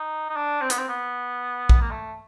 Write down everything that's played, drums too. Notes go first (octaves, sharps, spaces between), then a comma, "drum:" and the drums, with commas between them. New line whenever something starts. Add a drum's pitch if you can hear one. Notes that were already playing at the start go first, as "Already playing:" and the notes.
Already playing: D#4
D#4
D4
C4
B3, drum: hi-hat
C4
B3
drum: kick
A#3
A3